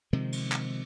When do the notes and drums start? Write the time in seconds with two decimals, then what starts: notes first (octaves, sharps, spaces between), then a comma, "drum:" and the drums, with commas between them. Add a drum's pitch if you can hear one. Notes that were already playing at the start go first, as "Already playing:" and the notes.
0.13 C3 D#3 F3 G#3
0.32 drum: cymbal
0.52 drum: clap